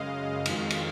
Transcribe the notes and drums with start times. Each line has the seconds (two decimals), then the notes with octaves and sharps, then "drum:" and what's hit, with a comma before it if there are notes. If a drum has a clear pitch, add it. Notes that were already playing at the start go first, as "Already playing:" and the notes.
Already playing: F#2 C#3 G#3 D#5 F5
0.45 F2 D#3 G#3, drum: cymbal
0.70 drum: cymbal